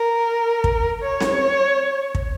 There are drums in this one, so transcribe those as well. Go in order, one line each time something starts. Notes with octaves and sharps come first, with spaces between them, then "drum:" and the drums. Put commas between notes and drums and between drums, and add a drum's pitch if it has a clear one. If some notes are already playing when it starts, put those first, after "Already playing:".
Already playing: A#4
drum: kick
C#5
drum: snare C4
drum: kick